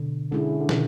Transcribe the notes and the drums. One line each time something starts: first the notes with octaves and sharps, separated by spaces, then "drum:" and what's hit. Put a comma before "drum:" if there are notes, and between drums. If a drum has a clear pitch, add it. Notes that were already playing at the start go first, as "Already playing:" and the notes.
Already playing: B2 D3
D3 G#3 C#4 E4 G#4
D3
B2 D#3, drum: snare